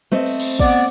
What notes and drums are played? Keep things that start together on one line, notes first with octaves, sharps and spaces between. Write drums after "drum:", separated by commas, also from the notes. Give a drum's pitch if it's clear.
A3 C4 D#5
drum: open hi-hat
drum: cymbal
B3 D5, drum: kick